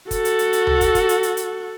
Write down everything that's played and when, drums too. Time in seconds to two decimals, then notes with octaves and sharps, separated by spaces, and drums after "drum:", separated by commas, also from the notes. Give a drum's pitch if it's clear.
0.11 F#4 A4, drum: kick, hi-hat
0.25 drum: hi-hat
0.39 drum: hi-hat
0.53 drum: hi-hat
0.67 drum: tom C#2
0.81 drum: kick, hi-hat
0.95 drum: kick, hi-hat
1.09 drum: hi-hat
1.23 drum: hi-hat
1.37 drum: hi-hat